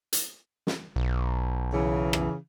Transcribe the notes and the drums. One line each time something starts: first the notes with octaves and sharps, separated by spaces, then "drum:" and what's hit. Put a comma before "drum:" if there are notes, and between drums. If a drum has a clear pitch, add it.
drum: hi-hat
drum: snare
B1
C#3 E3
drum: rim click